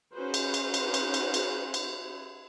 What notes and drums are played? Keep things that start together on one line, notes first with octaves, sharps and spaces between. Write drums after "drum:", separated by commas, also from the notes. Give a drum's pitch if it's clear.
C#4 D#4 F#4 G#4 B4 C5
drum: cymbal
drum: cymbal
drum: cymbal
drum: cymbal
drum: cymbal
drum: cymbal
drum: cymbal